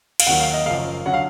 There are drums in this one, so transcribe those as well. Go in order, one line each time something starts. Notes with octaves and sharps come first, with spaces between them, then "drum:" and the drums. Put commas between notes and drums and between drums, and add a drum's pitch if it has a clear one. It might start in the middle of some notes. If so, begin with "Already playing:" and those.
F5, drum: cymbal
D#2 D#3 F#3 F#5
F5
D#5
F#1 F#2 F3 F5
D3 F#3 F#5
F5